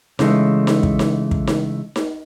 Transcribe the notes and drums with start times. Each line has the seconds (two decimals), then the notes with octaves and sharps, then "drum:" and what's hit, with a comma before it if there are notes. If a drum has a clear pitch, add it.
0.19 C#3 E3 G#3 A3, drum: snare D#4
0.67 drum: snare D#4
0.83 drum: kick
0.99 drum: snare D#4
1.31 drum: kick
1.47 drum: snare D#4
1.96 drum: snare D#4